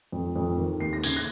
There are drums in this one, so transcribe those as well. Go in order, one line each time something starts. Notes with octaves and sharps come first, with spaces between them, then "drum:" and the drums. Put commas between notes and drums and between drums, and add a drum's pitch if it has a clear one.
F2
F2
D#3
D#2 C7
A#6
C#3 G#6, drum: open hi-hat
F#6 A#6